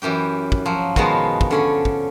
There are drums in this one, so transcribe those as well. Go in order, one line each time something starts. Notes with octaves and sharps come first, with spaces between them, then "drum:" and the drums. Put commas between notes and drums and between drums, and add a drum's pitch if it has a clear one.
F#2 E3 G4 G5
drum: kick
F3 F#3
B2 D#3 F3 G#3 B3 C5, drum: kick
drum: kick
D3 C#4 B5
drum: kick